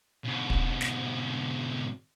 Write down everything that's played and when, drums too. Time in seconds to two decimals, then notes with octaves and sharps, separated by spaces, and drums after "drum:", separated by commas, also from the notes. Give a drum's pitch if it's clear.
0.24 G#2 B2
0.50 drum: kick
0.81 drum: snare